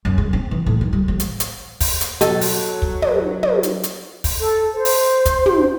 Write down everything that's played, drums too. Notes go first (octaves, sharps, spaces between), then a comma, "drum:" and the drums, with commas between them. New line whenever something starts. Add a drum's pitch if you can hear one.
F#2
G#3
C4
E3
A2
D#3
G3
A1
drum: hi-hat
drum: hi-hat
drum: kick, open hi-hat
drum: hi-hat
B2 F#3 A4, drum: hi-hat
drum: open hi-hat
drum: kick
drum: tom
drum: tom
drum: hi-hat
drum: hi-hat
drum: kick, open hi-hat
A4
C5
drum: open hi-hat
drum: kick, hi-hat
drum: tom